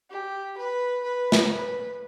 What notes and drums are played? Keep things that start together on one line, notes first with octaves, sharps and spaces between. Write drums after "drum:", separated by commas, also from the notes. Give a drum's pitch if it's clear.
G4
B4
B4
drum: snare
B4